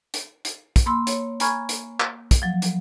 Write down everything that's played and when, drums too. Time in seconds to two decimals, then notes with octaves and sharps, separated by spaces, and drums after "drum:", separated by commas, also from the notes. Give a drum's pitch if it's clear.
0.14 drum: hi-hat
0.45 drum: hi-hat
0.76 drum: kick, hi-hat
0.86 A#3 B5 C6 E6
1.07 C#5, drum: hi-hat
1.40 G#5 A#5 B5 C#6 F6 G#6, drum: hi-hat
1.69 drum: hi-hat
2.00 drum: clap
2.31 drum: kick, hi-hat
2.42 F3 F#3
2.62 drum: hi-hat